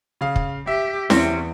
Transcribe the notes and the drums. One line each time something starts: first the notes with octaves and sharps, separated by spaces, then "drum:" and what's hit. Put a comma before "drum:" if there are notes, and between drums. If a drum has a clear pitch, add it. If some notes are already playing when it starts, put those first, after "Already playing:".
C#3 F5
drum: kick
G4 E5
E2 G3 C4 E4 C#5, drum: snare C#4